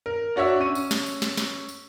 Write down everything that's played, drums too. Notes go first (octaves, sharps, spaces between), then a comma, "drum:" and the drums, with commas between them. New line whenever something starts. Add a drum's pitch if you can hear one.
A#4
D4 F#4 C#5 E5 E6
C#4 C#6 D#7
drum: tambourine
drum: snare
drum: tambourine
drum: snare
drum: snare
drum: tambourine